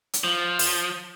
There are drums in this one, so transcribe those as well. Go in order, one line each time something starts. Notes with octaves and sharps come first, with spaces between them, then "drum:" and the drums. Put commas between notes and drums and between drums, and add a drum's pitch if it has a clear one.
drum: hi-hat
F3
drum: open hi-hat